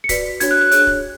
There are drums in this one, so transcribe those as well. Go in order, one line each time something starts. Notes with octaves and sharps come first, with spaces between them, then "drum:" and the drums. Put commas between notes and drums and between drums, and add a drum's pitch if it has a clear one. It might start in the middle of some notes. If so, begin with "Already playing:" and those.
C#7
F#4 B4 D5 B6, drum: kick D1, hi-hat
D4 F#4 C#5 G#6, drum: hi-hat
F#6
F#6
D4 G#4 C#5 F#6, drum: hi-hat
drum: kick D1